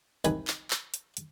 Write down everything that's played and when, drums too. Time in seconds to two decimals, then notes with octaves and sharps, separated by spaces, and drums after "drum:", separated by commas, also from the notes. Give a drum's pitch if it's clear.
0.24 C2 D#3 B4 G#5, drum: hi-hat
0.48 drum: clap
0.71 drum: clap
0.94 drum: hi-hat
1.17 drum: hi-hat